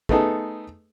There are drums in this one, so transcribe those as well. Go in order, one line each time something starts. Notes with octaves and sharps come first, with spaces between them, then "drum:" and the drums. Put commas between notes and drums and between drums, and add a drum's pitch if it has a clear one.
A3 B3 D#4 G#4 A4, drum: kick